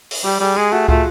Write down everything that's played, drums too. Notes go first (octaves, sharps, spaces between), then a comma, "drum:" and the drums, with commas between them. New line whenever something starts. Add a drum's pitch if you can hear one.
drum: open hi-hat
G3 G4
G3 G#4
G#3 G#4
A3 F#4
A3 F4, drum: kick